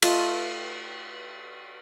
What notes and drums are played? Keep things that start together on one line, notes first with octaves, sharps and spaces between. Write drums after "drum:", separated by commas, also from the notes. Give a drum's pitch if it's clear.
A3 F4 D#5 A5, drum: cymbal